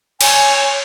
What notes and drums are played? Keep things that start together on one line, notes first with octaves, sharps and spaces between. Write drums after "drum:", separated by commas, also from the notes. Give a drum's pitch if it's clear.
C#5 G#5, drum: cymbal